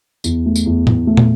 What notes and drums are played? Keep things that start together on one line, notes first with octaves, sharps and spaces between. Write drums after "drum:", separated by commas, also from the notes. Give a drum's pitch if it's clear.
E2, drum: tambourine
A3
drum: tambourine
E2
E2, drum: tom A2
A3
drum: tom